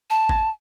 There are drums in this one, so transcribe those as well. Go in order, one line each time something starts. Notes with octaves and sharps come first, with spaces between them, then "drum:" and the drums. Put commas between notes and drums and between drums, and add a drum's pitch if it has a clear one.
A5
drum: kick G#1